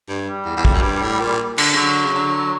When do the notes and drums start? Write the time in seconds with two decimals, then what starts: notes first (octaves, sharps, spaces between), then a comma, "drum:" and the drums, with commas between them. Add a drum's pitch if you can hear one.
0.09 G2
0.27 G3
0.45 E2
0.57 E2
0.65 F2, drum: kick
0.74 F#2
0.82 G2
1.02 A2
1.20 A#2
1.58 D3, drum: cymbal
1.73 C#3
1.76 D3 F#3
2.05 C#3
2.15 D3